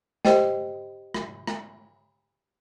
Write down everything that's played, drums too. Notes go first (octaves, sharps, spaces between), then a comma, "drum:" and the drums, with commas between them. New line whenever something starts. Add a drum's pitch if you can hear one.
G4 C5 D#5 G5, drum: snare
drum: rim click
drum: rim click